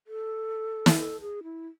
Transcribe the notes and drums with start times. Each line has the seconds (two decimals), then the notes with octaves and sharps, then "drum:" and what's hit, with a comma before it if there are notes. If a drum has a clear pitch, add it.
0.07 A4
0.86 drum: snare
0.98 A4
1.21 G#4
1.43 E4